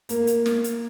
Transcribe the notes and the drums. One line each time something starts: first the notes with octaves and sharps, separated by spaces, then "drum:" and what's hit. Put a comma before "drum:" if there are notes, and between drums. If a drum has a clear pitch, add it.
A#3, drum: hi-hat
drum: hi-hat
drum: snare
drum: hi-hat